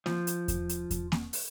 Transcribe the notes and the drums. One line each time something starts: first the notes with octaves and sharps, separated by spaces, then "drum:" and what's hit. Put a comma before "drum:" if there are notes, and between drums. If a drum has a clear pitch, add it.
F3, drum: snare A#3
drum: hi-hat
drum: kick E2, hi-hat
drum: hi-hat
drum: kick E2, hi-hat
drum: snare A#3
drum: open hi-hat